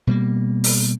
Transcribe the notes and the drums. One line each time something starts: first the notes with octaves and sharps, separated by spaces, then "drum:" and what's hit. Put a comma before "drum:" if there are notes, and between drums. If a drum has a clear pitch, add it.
B2 G3 A#3
drum: open hi-hat